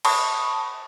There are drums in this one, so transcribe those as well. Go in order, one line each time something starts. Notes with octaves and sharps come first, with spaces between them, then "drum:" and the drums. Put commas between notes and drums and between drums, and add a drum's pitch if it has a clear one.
A5 B5 C#6 D#6, drum: cymbal